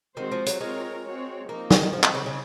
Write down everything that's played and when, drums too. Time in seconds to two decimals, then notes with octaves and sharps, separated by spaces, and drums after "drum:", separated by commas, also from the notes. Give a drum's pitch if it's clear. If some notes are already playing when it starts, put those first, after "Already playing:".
0.16 D#3 G#3 C4 F#4 C5
0.32 F3
0.46 F#3, drum: hi-hat
0.61 G#3 C4 F4 A#4 C#5
1.04 C4 F#4 C#5
1.49 F3 A#3 C4 D#4
1.71 D#3, drum: snare
1.93 F3 C4 D#4 G#4
2.03 D#3, drum: clap
2.15 C#3
2.26 C#3